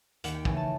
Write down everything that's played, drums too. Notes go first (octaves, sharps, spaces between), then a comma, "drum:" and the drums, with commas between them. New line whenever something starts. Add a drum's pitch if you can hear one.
D#2 F#5, drum: hi-hat
G5
C#3 E3 A3 G#5, drum: kick
A5